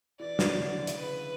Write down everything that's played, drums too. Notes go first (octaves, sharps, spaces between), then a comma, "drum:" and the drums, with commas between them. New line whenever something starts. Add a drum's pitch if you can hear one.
E3 D5
F#3, drum: snare
D3
C#3
drum: hi-hat
B4